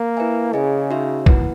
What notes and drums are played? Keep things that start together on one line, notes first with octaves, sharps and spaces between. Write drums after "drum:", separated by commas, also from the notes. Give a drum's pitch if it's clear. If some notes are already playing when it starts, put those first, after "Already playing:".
Already playing: A#3
E4 B4 E5 G#5
C#3 G#4 D#5 G#5
D#4 F#4 C#5 E5
A#3 E4 B4 F#5, drum: kick B1